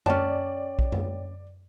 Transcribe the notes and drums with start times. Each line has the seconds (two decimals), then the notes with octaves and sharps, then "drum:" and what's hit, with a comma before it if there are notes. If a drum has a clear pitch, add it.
0.06 C#4 C#5 D5 G5 A5, drum: tom F#2
0.79 drum: kick B1
0.92 drum: tom F#2